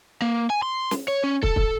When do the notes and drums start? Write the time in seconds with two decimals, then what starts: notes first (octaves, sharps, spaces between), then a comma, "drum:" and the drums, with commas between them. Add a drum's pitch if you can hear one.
0.22 A#3
0.50 G#5
0.62 C6
0.91 drum: snare
1.08 C#5
1.24 C#4
1.43 A4, drum: kick
1.56 drum: kick